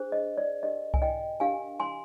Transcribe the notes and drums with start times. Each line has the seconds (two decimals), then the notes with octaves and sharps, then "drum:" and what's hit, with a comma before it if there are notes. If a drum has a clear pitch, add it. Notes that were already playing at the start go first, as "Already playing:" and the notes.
Already playing: D4 G#4 C5
0.12 D#5
0.38 D5
0.63 D4 G4 A#4 D#5
0.94 G#5, drum: kick C2
1.02 D#5 G5
1.40 D4 G4 A#4 F5 G#5
1.80 G#5 C6